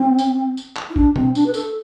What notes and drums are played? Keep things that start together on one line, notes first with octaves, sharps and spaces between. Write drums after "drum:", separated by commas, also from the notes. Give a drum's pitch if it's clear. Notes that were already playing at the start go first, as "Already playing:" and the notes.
Already playing: C4
drum: tambourine
drum: tambourine
drum: clap
E4
D4, drum: kick G1
C4, drum: tom B2
D4, drum: tambourine
B4
A4, drum: tambourine